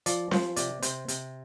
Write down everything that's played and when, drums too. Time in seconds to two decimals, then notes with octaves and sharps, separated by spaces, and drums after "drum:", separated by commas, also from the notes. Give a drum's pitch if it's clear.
0.06 F3 D5, drum: hi-hat
0.31 F3 C5, drum: snare C4
0.56 C3 D5, drum: hi-hat
0.83 C3 C5, drum: hi-hat
1.08 C3, drum: hi-hat